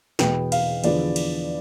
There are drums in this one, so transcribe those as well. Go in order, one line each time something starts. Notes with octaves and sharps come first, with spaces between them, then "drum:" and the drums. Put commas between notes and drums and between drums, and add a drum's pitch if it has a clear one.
E2 B2 B3 G5, drum: snare
F5, drum: cymbal
E2 D3 F3 B3 D5, drum: cymbal
drum: cymbal